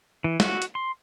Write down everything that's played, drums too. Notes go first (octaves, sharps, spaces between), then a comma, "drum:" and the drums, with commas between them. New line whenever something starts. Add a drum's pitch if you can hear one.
E3
F#4, drum: snare
drum: hi-hat
C6